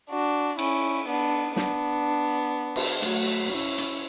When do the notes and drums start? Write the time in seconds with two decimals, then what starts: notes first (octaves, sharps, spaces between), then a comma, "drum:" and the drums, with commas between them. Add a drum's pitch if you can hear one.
0.10 D4 F#4
0.59 C#4 E4, drum: cymbal
1.08 B3 D4
1.56 B3 D4, drum: snare
2.76 drum: cymbal
3.02 F#3 A3, drum: hi-hat
3.52 C#4 E4
3.78 drum: hi-hat